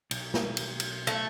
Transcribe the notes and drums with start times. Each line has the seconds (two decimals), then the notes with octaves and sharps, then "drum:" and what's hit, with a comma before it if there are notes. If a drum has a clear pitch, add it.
0.11 B1, drum: cymbal
0.34 drum: snare
0.57 drum: cymbal
0.80 drum: cymbal
1.07 A3